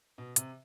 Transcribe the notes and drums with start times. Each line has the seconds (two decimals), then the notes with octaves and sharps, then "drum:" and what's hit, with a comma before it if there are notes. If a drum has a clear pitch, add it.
0.18 B2
0.36 C3, drum: hi-hat